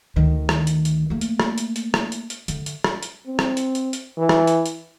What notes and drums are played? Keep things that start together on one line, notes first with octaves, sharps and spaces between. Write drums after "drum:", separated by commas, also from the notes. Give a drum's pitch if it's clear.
D2 D#3
drum: rim click
drum: hi-hat
drum: hi-hat
A3 A#3
drum: hi-hat
drum: rim click
drum: hi-hat
drum: hi-hat
drum: rim click
drum: hi-hat
drum: hi-hat
D3, drum: hi-hat
drum: hi-hat
drum: rim click
drum: hi-hat
C4
drum: rim click
drum: hi-hat
drum: hi-hat
drum: hi-hat
E3
drum: rim click
drum: hi-hat
drum: hi-hat